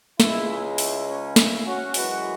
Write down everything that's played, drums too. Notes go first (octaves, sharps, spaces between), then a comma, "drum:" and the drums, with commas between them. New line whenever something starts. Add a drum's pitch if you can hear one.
C#2 C#3 G#3 E4, drum: snare
E4
drum: open hi-hat
C#4
E4, drum: snare
C#4 F#4
F#2 E3 G#3 F#4 B4, drum: open hi-hat